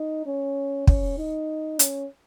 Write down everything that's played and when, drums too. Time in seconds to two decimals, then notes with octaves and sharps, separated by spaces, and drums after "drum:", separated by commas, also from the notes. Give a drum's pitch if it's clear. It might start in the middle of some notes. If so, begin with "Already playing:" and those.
Already playing: D#4
0.26 C#4
0.87 C#4, drum: kick
1.18 D#4
1.79 C#4, drum: hi-hat